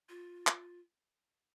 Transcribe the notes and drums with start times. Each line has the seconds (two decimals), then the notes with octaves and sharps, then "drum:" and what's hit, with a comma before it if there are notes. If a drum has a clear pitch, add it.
0.09 F4
0.47 drum: clap